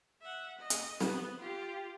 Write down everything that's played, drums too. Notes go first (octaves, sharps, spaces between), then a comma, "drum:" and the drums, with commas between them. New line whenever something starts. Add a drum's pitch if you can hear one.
E5 F#5
D#5
drum: hi-hat
B3, drum: snare
F4 G4